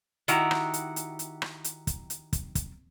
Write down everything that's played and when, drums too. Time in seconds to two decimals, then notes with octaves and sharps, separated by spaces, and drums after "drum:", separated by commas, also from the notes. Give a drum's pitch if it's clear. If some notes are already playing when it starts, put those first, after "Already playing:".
0.28 D#3 E4 F#4 G4 A#5, drum: hi-hat
0.51 drum: rim click
0.74 drum: hi-hat
0.96 drum: hi-hat
1.19 drum: hi-hat
1.42 drum: rim click
1.64 drum: hi-hat
1.87 drum: kick, hi-hat
2.10 drum: hi-hat
2.33 drum: kick, hi-hat
2.55 drum: kick, hi-hat